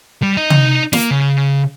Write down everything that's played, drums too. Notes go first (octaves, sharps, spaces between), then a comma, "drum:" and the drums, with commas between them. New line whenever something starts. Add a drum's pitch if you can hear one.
G3
D#4 D#5
drum: tom
A#3, drum: snare
C#3